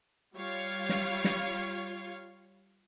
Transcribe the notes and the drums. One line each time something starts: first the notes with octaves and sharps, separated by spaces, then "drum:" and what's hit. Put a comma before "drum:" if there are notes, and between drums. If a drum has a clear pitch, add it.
G3 F4 C#5 F5
drum: snare
drum: snare